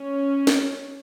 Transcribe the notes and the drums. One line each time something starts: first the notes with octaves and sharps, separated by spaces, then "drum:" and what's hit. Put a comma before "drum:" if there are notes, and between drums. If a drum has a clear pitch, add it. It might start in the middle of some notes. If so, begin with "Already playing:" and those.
Already playing: C#4
drum: snare